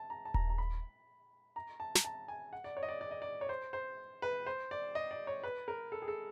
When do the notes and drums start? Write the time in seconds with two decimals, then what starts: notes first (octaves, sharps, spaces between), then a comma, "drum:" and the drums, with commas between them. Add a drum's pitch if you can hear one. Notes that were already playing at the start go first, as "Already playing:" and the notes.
Already playing: A5
0.10 A#5
0.25 A5
0.34 A#5, drum: kick D#1
0.50 A#5
0.58 B5
1.56 A#5
1.80 A5
1.95 A#5, drum: snare
2.05 A5
2.28 G#5
2.53 F#5
2.64 D5
2.77 C#5
2.83 D#5
2.89 D5
3.01 D5
3.11 D#5
3.22 D5
3.41 C#5
3.49 C5
3.73 C5
4.22 B4
4.46 C5
4.71 D5
4.95 D#5
5.11 D5
5.27 C#5
5.43 B4
5.68 A#4
5.92 A4
6.02 G#4
6.08 A4